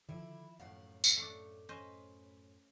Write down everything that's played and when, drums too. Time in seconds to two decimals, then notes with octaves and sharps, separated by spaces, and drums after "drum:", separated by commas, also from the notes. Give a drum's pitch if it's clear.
0.09 D3 D#3 F3 E4
0.60 F#2 A2 F5 F#5
1.04 drum: tambourine
1.17 A3 D4
1.69 C#4 B4 C5 D#5